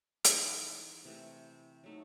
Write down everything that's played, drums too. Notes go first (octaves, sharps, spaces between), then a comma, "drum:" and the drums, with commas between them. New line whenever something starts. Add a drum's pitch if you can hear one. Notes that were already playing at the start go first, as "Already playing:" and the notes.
E3 G#3 D#4 G#4, drum: hi-hat
C3 E3 A3
F#3 A3 D#4